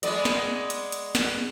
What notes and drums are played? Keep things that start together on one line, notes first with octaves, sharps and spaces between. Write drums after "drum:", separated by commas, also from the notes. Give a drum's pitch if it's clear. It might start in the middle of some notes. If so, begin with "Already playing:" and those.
G#3 B3 D5, drum: hi-hat
drum: snare
drum: hi-hat
drum: hi-hat
drum: snare